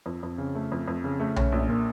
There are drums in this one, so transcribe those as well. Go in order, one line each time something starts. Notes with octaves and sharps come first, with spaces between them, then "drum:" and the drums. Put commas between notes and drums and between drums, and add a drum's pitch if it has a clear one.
F2
F2
C#3
A3
F2
F2
C#3
A3
C#4, drum: tom B1
A#1
A#2